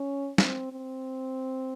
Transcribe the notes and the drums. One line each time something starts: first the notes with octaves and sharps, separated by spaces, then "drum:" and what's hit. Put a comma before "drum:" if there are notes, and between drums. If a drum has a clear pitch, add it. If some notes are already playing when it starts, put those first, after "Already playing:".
Already playing: C#4
C4, drum: snare
C4